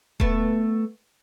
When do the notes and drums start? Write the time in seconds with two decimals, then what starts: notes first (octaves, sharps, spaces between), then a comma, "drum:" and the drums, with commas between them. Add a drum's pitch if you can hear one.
0.20 A3 B3, drum: kick D#1